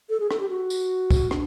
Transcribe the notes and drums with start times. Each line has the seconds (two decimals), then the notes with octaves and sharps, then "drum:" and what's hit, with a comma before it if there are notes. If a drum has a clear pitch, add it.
0.09 A4
0.20 G#4
0.31 A4, drum: rim click
0.40 G4
0.49 F#4
0.70 drum: tambourine
1.11 drum: kick, tambourine
1.31 D4, drum: rim click